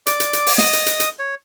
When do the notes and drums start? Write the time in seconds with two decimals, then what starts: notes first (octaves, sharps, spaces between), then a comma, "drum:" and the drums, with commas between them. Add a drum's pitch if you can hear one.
0.07 D5 D6, drum: hi-hat
0.20 drum: hi-hat
0.33 drum: hi-hat
0.46 drum: open hi-hat
0.58 D#5 D#6, drum: snare
0.73 drum: hi-hat
0.86 drum: hi-hat
1.00 drum: hi-hat
1.19 C#5